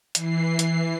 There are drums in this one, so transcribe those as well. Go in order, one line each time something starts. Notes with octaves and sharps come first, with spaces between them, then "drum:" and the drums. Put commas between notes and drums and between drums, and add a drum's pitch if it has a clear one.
E3 C7, drum: hi-hat
drum: hi-hat